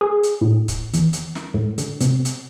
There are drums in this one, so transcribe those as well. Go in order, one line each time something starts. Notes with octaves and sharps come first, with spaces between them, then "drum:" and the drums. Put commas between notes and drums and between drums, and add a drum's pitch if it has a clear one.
G#4
drum: hi-hat
A2
drum: kick C#1, hi-hat
E2, drum: hi-hat
drum: hi-hat
drum: snare
A2
D3, drum: hi-hat
C3, drum: hi-hat
drum: hi-hat